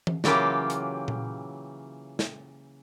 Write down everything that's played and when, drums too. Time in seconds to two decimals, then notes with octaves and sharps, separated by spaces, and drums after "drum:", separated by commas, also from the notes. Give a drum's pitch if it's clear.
0.07 drum: tom E3
0.24 C#3 E3 F#3 A#3 F4 G4, drum: snare
0.70 drum: hi-hat
1.08 drum: tom A#2
2.19 drum: snare